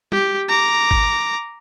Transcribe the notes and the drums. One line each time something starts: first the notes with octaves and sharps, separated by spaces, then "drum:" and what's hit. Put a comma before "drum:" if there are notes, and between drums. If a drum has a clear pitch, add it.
G4, drum: tom G3
A#5 D6
drum: kick G#1